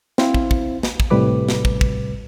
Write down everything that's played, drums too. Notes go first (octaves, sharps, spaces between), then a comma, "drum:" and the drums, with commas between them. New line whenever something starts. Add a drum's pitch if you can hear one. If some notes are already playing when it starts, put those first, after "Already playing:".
C4 E4 C5 F5, drum: snare
drum: kick
drum: kick
drum: snare
drum: kick
A2 C3 G3 B4 D6
drum: snare
drum: kick
drum: kick